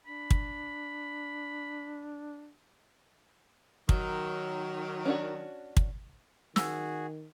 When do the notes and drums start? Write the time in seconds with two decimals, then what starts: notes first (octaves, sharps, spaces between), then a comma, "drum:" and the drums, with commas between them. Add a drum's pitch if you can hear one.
0.06 D4 B5
0.31 drum: kick
3.89 D#3 F#3, drum: kick
5.05 C#4 D4 F#4
5.77 drum: kick
6.56 D#3 F#4 G#4 E6, drum: snare